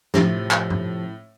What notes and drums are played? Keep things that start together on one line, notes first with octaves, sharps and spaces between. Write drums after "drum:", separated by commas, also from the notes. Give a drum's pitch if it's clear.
A2 C3 F3, drum: snare
drum: clap
drum: tom G2